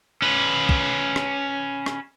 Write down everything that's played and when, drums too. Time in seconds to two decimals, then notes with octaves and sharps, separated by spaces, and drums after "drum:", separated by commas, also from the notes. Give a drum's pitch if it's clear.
0.22 C#4 B4
0.69 drum: kick
1.16 drum: rim click
1.86 drum: rim click